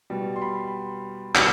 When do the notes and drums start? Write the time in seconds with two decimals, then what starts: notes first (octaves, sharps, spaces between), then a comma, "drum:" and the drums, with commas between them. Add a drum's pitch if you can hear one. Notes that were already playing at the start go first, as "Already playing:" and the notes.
0.10 B2 G3
0.36 C6
0.42 B5
1.35 B2 G3, drum: clap